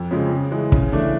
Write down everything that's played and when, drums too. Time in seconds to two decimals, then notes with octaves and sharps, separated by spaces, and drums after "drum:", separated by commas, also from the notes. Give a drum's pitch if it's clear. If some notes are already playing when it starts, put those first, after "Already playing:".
Already playing: F2
0.11 C#3 F3 G#3
0.31 C#3
0.51 E3 G#3
0.72 C#3, drum: kick
0.92 E3 A3 D4